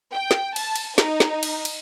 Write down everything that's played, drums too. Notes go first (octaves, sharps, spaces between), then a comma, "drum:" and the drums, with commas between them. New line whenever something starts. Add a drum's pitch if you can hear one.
G5
drum: snare
A5, drum: cymbal
drum: cymbal
D#4, drum: snare
drum: snare
drum: cymbal
drum: cymbal